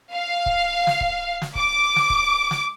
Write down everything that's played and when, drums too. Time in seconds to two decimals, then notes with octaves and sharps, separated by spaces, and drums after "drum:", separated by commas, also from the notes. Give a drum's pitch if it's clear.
0.13 F5
0.46 drum: kick C#1
0.87 drum: snare
1.01 drum: kick C#1
1.42 drum: snare
1.55 D6, drum: kick C#1
1.96 drum: snare
2.10 drum: kick C#1
2.51 drum: snare